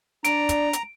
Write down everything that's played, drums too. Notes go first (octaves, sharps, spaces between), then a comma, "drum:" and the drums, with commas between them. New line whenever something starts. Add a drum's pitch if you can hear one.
D4 D5 A#5 D7, drum: hi-hat
drum: kick, hi-hat
drum: hi-hat